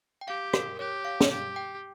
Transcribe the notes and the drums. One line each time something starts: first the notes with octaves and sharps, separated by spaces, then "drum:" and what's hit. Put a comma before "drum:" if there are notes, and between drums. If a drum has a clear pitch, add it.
G5
G4 F5
A#4, drum: rim click
G4 C#5
F5
drum: snare
G4
G5